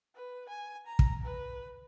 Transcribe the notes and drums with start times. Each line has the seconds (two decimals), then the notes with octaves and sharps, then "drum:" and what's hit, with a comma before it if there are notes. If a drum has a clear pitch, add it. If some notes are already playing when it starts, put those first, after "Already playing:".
0.15 B4
0.49 G#5
0.86 A#5
0.99 drum: kick
1.24 B4